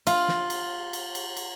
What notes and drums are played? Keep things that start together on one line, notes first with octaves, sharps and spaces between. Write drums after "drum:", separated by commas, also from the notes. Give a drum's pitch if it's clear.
F4, drum: cymbal
drum: snare
drum: cymbal
drum: cymbal
drum: cymbal
drum: cymbal